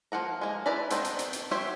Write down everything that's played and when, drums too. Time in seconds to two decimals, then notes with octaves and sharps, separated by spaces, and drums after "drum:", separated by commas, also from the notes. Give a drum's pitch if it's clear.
0.12 F3 A#3 F#5 A#5
0.41 G#3 A#3
0.66 E4 B4 D5 A#5 B5
0.90 B3 C4 D4 D#4, drum: hi-hat
1.05 drum: hi-hat
1.19 drum: hi-hat
1.33 drum: hi-hat
1.51 F#4 G4 C5 C#5 E5